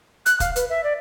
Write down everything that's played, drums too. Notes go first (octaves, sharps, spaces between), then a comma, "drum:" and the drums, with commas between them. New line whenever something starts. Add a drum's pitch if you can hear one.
F#6, drum: hi-hat
F5, drum: kick, hi-hat
B4, drum: hi-hat
E5
D5